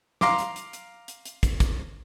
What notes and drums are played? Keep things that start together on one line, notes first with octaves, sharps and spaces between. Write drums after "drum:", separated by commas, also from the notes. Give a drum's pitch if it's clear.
F5 A#5 C6 D6, drum: snare
drum: hi-hat
drum: hi-hat
drum: hi-hat
drum: hi-hat
drum: hi-hat
drum: kick, hi-hat
drum: kick, hi-hat